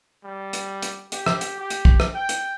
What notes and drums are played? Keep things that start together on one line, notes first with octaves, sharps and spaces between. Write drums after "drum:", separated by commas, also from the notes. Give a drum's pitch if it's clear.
G3
drum: hi-hat
drum: hi-hat
G4, drum: hi-hat
drum: rim click
drum: hi-hat
G4
drum: hi-hat
drum: kick
drum: rim click
G5
drum: hi-hat